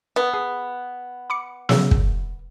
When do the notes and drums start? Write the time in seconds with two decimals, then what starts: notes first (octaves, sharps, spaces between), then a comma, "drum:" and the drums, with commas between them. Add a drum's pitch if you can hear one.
0.16 B3
0.34 G#4
1.30 B5 D6 C#7
1.69 C#3 F#3 E6, drum: snare
1.91 drum: kick